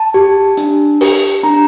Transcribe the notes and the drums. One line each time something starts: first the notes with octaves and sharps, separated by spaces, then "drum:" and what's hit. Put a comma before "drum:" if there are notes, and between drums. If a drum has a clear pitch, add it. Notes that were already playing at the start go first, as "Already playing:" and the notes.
Already playing: A5
G4
D4, drum: hi-hat
G4, drum: open hi-hat
D4 A#5